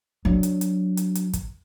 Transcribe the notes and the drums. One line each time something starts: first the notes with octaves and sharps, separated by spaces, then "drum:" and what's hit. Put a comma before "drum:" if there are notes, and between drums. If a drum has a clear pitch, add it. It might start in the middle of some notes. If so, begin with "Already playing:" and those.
F#3 D4
drum: hi-hat
drum: hi-hat
drum: hi-hat
drum: hi-hat
drum: kick, hi-hat